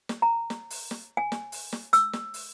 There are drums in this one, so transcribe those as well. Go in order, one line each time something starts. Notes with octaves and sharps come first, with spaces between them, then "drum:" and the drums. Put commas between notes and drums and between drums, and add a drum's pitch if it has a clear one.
drum: snare
A#5
drum: snare
drum: open hi-hat
drum: snare
G#5
drum: snare
drum: open hi-hat
drum: snare
E6, drum: hi-hat
drum: snare
drum: open hi-hat